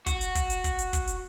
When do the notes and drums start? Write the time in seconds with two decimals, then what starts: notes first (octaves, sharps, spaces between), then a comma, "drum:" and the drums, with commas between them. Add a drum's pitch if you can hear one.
0.06 F#4, drum: kick, hi-hat
0.21 drum: hi-hat
0.35 drum: kick, hi-hat
0.50 drum: hi-hat
0.64 drum: kick, hi-hat
0.79 drum: hi-hat
0.93 drum: kick, hi-hat
1.07 drum: hi-hat